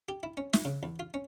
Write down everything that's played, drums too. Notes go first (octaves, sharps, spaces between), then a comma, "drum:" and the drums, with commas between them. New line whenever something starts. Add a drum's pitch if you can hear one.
G4
E4
C#4
E5, drum: snare
C#3
E2
F4
C#4